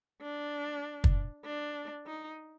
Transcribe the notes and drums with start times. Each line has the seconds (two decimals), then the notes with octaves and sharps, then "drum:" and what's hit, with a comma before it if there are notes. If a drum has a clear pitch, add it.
0.22 D4
1.04 drum: kick
1.45 D4
2.06 D#4